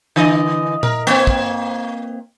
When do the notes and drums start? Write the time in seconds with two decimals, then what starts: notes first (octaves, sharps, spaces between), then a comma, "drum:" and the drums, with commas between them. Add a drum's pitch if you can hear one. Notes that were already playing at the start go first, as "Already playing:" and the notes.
0.16 D3 E3 D#5
0.83 A#4, drum: tom A#2
1.07 A#3 C4, drum: hi-hat
1.27 drum: kick